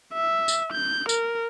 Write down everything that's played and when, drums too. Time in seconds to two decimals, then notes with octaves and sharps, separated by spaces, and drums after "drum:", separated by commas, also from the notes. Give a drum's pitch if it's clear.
0.14 E5
0.48 drum: tambourine
0.73 G6
1.09 A#4, drum: tambourine